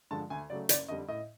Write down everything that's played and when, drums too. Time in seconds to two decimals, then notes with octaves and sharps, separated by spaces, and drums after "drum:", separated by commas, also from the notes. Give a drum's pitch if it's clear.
0.11 G2 D3 F3 G#3 A5
0.30 D2 G#5
0.50 C#3 F#3 A3 D5
0.69 F#1 D5, drum: hi-hat
0.88 F2 D3 G3 D#5
1.08 A2 D#5